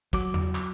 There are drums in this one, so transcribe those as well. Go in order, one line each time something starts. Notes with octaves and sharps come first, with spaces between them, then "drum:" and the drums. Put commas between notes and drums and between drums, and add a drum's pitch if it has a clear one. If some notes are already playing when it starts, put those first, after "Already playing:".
F#3 D6, drum: kick, hi-hat
drum: tom E2
drum: clap